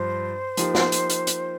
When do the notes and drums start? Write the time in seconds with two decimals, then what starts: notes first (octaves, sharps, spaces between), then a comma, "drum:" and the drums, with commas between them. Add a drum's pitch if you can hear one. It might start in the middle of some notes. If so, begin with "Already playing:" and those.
Already playing: G2 F3 C5
0.57 F3 A#3 D#4 G4, drum: hi-hat
0.75 drum: snare
0.92 drum: hi-hat
1.10 drum: hi-hat
1.27 drum: hi-hat